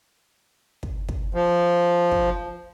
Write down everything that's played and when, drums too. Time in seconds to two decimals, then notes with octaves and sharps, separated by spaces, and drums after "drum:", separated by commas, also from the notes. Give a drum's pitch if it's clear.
0.83 drum: kick
1.09 drum: kick
1.34 F3
2.11 drum: kick